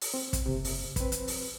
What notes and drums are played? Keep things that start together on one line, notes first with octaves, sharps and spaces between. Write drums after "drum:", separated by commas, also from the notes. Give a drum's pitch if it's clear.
drum: open hi-hat
C4
drum: kick, hi-hat
F#1 C3
drum: open hi-hat
F3 C4 B4, drum: kick, hi-hat
drum: hi-hat
drum: open hi-hat